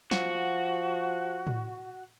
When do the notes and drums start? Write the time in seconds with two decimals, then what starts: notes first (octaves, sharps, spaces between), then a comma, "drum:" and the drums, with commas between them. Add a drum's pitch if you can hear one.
0.11 F3 F#4, drum: snare
1.47 drum: tom A2